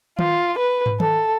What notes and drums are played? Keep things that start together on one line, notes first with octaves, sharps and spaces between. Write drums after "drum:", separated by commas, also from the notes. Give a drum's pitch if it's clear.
F4, drum: tom D#3
B4
drum: tom
A4, drum: tom D#3